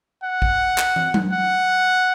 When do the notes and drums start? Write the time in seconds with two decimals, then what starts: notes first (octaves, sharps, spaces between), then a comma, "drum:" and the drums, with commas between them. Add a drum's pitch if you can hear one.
0.23 F#5
0.42 drum: kick
0.78 drum: clap
0.96 drum: tom
1.14 drum: tom F#3
1.33 F#5